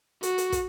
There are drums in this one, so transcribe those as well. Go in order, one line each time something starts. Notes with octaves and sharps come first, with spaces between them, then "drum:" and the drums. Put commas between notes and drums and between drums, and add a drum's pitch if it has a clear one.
F#4, drum: hi-hat
drum: hi-hat
drum: kick, hi-hat